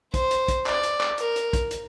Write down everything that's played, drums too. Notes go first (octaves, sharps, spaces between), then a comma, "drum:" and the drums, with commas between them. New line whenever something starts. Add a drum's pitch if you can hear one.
C5, drum: kick, hi-hat
drum: hi-hat
drum: kick, hi-hat
D5, drum: clap
drum: hi-hat
drum: clap
A#4, drum: hi-hat
drum: hi-hat
drum: kick, hi-hat
drum: hi-hat